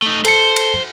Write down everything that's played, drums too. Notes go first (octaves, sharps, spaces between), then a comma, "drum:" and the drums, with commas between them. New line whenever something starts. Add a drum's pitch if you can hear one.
A3 D#4
A4 C5 A5 C#7, drum: cymbal
drum: cymbal